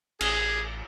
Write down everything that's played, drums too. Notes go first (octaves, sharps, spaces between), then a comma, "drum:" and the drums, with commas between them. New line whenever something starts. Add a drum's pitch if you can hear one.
A1 G#4, drum: cymbal